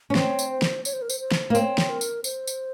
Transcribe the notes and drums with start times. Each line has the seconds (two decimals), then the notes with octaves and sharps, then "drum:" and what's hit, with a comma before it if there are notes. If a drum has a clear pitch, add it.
0.10 C#4
0.15 C4 C#5, drum: snare
0.39 drum: tambourine
0.50 C5
0.62 drum: snare
0.85 C#5, drum: tambourine
0.93 C5
1.02 A#4
1.10 C5, drum: tambourine
1.20 C5
1.31 drum: snare
1.50 A#3
1.55 C4 C#5, drum: tambourine
1.78 drum: snare
1.89 A#4
2.01 drum: tambourine
2.24 C5, drum: tambourine
2.47 drum: tambourine